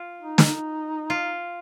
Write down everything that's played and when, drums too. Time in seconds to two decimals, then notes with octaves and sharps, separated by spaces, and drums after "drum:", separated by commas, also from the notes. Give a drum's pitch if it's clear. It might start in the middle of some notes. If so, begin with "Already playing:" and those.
Already playing: F4
0.22 D#4
0.38 drum: snare
1.10 F4